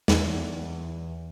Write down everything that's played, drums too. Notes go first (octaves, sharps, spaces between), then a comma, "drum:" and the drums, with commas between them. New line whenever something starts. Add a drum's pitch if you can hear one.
E2, drum: snare